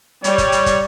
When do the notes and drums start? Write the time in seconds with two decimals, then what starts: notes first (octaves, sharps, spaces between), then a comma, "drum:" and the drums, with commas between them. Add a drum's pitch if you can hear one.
0.24 G3 C#5, drum: hi-hat
0.38 drum: kick, hi-hat
0.52 drum: hi-hat
0.66 drum: kick, hi-hat